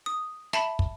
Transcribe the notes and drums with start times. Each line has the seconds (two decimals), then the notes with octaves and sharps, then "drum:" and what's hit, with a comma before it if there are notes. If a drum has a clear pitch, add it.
0.06 D#6
0.53 E5 A5 B5, drum: snare
0.79 drum: kick